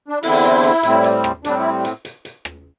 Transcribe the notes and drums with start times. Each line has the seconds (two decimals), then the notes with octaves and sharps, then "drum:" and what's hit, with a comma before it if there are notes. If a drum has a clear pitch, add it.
0.08 D4
0.23 E2 D3 C4 E4, drum: open hi-hat
0.43 drum: hi-hat
0.64 drum: hi-hat
0.83 A2 G3 C4, drum: hi-hat
1.04 drum: hi-hat
1.24 drum: rim click
1.44 A2 G3 C4 D4, drum: hi-hat
1.59 E4
1.85 drum: hi-hat
2.05 drum: hi-hat
2.25 drum: hi-hat
2.45 drum: rim click